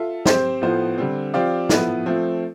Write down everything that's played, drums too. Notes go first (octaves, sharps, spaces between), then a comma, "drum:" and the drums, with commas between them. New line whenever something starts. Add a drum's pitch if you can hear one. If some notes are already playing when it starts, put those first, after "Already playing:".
Already playing: F4 A4 E5
C4 G4 C5, drum: snare
A2 F3 B3 F4 C5
D3 G3 C4
F3 C4 G4 D5 F5
A2 F3 B3 E4 B4, drum: snare
F3 A3 C4 F4